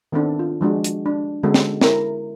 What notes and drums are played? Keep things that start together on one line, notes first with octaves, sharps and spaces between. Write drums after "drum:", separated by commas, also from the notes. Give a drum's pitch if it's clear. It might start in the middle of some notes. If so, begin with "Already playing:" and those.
D#3 B3 C4 D4 A4
F4
F3 G#3 D4 F#4
drum: hi-hat
D4
D3 G#3 B3 C#4 F#4 A4
drum: snare
E4 A#4, drum: snare